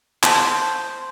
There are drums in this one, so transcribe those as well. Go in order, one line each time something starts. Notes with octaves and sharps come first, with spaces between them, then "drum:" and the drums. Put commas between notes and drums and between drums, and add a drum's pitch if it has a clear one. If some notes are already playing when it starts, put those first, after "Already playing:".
C5 A5, drum: clap